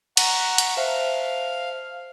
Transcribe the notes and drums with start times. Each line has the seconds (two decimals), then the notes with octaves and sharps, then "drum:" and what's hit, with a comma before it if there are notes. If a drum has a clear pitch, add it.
0.17 F#5 A#5 C#6, drum: cymbal
0.58 drum: hi-hat
0.77 C5 E5 F5 A5